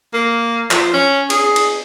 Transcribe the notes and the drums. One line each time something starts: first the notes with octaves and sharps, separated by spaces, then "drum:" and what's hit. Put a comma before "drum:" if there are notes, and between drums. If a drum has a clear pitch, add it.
A#3
F3, drum: clap
C#4
G#4, drum: cymbal
drum: cymbal